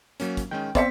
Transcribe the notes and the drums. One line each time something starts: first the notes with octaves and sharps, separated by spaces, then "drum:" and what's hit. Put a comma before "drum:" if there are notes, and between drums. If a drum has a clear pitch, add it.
F#3 A#3 C#4, drum: hi-hat
drum: kick, hi-hat
D#3 G#3 C#4 G5
B3 C4 C5 D5 E5 F5 B6 C#7, drum: kick, hi-hat